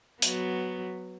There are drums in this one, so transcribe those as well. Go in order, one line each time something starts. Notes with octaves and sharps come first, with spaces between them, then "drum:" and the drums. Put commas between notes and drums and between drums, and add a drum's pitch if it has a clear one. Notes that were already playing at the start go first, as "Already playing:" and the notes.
F#3 B3, drum: hi-hat